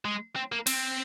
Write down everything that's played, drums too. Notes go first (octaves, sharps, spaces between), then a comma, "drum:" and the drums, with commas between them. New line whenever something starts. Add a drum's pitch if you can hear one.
G#3
C4
A#3
C4, drum: cymbal